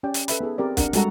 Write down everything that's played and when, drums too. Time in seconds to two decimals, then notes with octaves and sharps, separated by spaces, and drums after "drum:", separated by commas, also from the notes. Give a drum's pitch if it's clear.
0.03 C#4 G4 D5 G5
0.14 drum: hi-hat
0.28 A4 B4 E5 B5, drum: hi-hat
0.40 B3 D#4 G#4 A4
0.58 C4 G4 A#4 D5
0.77 C4 D4 A#4 F#5, drum: kick B1, hi-hat
0.93 G3 G#3 F#4 A4 F#5 A#5, drum: hi-hat